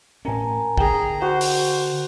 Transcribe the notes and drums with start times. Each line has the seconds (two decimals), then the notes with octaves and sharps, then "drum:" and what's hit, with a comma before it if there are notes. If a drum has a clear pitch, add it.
0.25 A2 C#4 A#4 G#5 A5
0.78 D3 G#4 G5 A5 A#5, drum: kick
1.22 F#4 C5
1.41 drum: open hi-hat